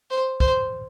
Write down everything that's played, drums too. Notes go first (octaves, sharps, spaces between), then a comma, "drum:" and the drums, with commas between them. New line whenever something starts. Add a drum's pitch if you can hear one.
C5
C5, drum: kick B1